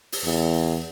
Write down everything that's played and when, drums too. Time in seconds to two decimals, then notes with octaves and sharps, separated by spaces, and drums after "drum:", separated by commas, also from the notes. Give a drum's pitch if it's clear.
0.12 drum: open hi-hat
0.24 E2